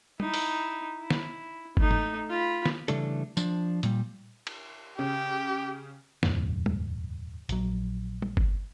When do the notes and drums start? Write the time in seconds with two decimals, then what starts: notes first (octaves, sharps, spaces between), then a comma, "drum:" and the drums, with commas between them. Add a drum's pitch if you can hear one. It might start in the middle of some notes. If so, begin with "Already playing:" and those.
0.20 D#4 E4, drum: tom
0.34 drum: open hi-hat
0.99 E4
1.10 drum: snare
1.77 A3 D#4, drum: kick G1
1.91 drum: tom G#2
2.30 F4 B5
2.66 drum: snare
2.88 C#3 E3 G3 A3 D4 A4, drum: hi-hat
3.37 F3 D4, drum: tambourine
3.83 A#2 G3, drum: hi-hat
4.47 drum: cymbal
4.99 C#3 G4
6.23 D#1 F2 G#2 C#3, drum: snare
6.66 drum: tom
7.49 A#1 F#3, drum: hi-hat
8.22 drum: tom
8.37 drum: kick G1